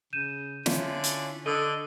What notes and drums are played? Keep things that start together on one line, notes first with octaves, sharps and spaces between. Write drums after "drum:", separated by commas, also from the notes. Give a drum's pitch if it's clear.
C#3 G6 D#7 E7
D3 C#4 E4 F4, drum: snare
drum: hi-hat
D3 A4 D#5 D#6 E6